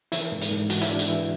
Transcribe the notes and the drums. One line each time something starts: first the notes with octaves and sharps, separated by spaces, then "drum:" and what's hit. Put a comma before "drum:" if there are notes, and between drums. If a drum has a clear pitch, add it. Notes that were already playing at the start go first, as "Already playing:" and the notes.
E3 E4, drum: hi-hat
G#2
drum: hi-hat
G#2
E3 F#4, drum: hi-hat
E4, drum: hi-hat
G#2 D4
drum: hi-hat
E3 E4